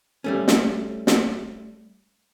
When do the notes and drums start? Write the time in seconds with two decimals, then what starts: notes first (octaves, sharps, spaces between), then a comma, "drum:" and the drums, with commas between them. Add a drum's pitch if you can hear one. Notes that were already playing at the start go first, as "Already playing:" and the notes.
0.24 G3 A3 C#4
0.48 drum: snare
1.07 drum: snare